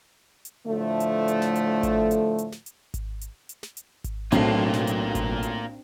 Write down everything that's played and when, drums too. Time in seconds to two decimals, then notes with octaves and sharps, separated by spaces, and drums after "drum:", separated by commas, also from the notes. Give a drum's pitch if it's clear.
0.45 drum: hi-hat
0.67 A2 D3 F3 A3
1.00 drum: hi-hat
1.28 drum: hi-hat
1.42 drum: snare
1.56 drum: hi-hat
1.83 drum: kick G#1, hi-hat
2.11 drum: hi-hat
2.38 drum: hi-hat
2.52 drum: snare
2.66 drum: hi-hat
2.94 drum: kick G#1, hi-hat
3.21 drum: hi-hat
3.49 drum: hi-hat
3.63 drum: snare
3.77 drum: hi-hat
4.04 drum: kick G#1, hi-hat
4.32 B1 A2 A#3 C4 D4 F4 C7, drum: hi-hat
4.73 drum: snare
4.87 drum: hi-hat
5.15 drum: kick G#1, hi-hat
5.43 drum: hi-hat